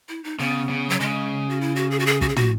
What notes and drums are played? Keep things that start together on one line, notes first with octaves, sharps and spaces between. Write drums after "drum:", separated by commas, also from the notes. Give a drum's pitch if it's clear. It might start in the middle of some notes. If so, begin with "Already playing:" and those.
E4
D#4
C#3 B3
C#3
F#3
C#3 G#3
F#4
E4
F#4
G#4
F#4
G#4
F#4, drum: kick
G#4
F#4, drum: tom